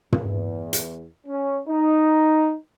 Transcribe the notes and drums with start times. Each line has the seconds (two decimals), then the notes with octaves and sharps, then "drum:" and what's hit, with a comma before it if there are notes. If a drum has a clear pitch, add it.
0.12 E2, drum: tom
0.73 drum: hi-hat
1.27 C#4
1.68 D#4